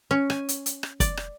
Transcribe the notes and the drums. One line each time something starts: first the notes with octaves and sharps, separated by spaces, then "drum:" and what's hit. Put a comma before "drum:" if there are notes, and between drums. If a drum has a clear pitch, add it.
C#4
G#5, drum: rim click
drum: hi-hat
drum: hi-hat
drum: rim click
D5, drum: kick, hi-hat
drum: rim click